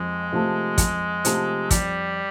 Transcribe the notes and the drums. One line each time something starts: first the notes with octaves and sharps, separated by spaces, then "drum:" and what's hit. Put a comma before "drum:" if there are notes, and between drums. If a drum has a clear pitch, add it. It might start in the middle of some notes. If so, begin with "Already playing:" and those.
Already playing: F2 G#3
C3 F3 A3
F2, drum: kick, hi-hat
C3 F3 A3, drum: hi-hat
F2 G3, drum: kick, hi-hat